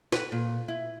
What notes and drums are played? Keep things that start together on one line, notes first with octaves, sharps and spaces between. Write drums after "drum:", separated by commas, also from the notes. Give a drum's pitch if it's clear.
B4, drum: snare
A#2
E4